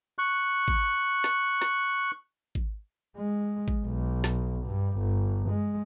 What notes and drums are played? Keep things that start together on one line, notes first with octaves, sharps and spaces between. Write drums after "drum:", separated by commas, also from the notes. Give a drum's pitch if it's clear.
C#6 F#6
drum: kick G#1
drum: snare
drum: snare
drum: kick G#1
G#3
drum: kick G#1
B1
drum: snare
G2
G1
G#3